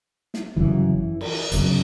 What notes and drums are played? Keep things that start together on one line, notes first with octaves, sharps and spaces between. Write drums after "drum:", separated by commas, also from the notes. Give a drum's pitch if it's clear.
drum: snare
G1 F#2 C#3 E3
drum: cymbal
G1 F#2 C#3, drum: hi-hat